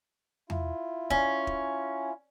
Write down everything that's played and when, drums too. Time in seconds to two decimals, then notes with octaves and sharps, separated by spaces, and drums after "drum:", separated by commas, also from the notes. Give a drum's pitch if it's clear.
0.50 E4 F4, drum: tom E2
1.10 C#4, drum: kick
1.47 drum: kick